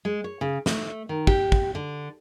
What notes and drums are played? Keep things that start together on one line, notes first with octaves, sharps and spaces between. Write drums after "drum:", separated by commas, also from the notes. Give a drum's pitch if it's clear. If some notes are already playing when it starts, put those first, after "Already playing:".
G#3
C#5
C#3
A3, drum: snare
D#3
G4, drum: kick
drum: kick
D3